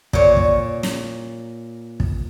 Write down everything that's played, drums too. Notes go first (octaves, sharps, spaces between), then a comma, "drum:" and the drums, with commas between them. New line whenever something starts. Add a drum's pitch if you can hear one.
A#2 C#5, drum: kick
drum: kick
drum: snare
drum: kick